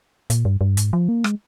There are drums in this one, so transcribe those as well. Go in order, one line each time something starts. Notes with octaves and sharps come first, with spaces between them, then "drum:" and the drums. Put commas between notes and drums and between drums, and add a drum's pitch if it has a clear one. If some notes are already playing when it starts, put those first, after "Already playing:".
A#2, drum: hi-hat
G2
G2
G#2, drum: hi-hat
F3
A#3
G#3, drum: rim click